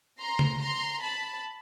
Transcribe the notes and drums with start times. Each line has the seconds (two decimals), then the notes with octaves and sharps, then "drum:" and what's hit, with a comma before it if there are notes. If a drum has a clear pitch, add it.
0.20 A#5 C6
0.39 drum: tom C#3
0.60 A#5 C6
1.02 A5 B5